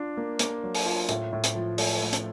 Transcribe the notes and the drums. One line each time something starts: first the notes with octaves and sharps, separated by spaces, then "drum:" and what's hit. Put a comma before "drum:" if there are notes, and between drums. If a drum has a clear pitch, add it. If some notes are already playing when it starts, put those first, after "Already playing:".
Already playing: D4 F4
A#3
A#3, drum: hi-hat
F#3
drum: open hi-hat
F4
A2, drum: hi-hat
A2
drum: hi-hat
F3
A3, drum: open hi-hat
A3
drum: hi-hat